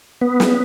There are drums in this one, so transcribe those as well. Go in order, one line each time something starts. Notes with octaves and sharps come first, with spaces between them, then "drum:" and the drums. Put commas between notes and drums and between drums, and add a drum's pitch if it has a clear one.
B3
drum: snare